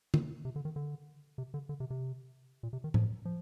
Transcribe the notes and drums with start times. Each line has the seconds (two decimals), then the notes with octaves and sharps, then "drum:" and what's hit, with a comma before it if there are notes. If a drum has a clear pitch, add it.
0.14 D#3, drum: tom
0.45 C3
0.56 D3
0.65 D#3
0.76 D3
1.38 C3
1.54 D3
1.69 D3
1.80 C3
1.90 C3
2.63 A#2
2.73 C3
2.84 D#3
2.94 F3, drum: tom A2
3.25 F3